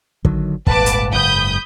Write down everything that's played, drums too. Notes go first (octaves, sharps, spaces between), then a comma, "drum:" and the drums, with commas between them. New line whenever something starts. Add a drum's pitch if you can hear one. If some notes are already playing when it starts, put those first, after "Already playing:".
D3 D#3 F#3, drum: kick
D#1 G#1 B4 A5 D6, drum: kick
drum: hi-hat
F#1 G#2 B5 D#6 G6